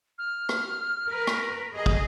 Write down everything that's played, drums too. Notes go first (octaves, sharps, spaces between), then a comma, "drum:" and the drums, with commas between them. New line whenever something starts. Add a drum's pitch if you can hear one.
F6
drum: rim click
A#4 B4
drum: rim click
G#4 D#5
drum: kick